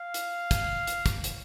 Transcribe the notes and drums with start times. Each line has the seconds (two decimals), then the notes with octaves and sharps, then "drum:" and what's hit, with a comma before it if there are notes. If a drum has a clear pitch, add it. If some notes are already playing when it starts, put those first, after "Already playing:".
Already playing: F5
0.14 drum: hi-hat
0.51 drum: kick, hi-hat
0.87 drum: hi-hat
1.06 drum: kick, hi-hat
1.24 drum: hi-hat